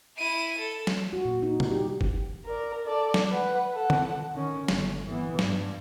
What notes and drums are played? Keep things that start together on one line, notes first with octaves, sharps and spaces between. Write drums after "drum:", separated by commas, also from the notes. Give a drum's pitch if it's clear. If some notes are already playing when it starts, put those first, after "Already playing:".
E4 D#7
A4
drum: snare
F#4
A#2
D#4
G3, drum: tom C3
G4
drum: kick
A#4 D5
A4 D5
drum: snare
B4 F#5
A4 F#5
drum: tom D3
D#3 C#4
G1, drum: snare
E3 B3
G2, drum: snare